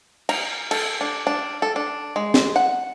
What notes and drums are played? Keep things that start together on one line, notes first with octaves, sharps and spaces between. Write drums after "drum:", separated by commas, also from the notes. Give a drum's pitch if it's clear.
A#5, drum: cymbal
A4, drum: cymbal
D4
D4
A4
D4
G#3
drum: snare
F#5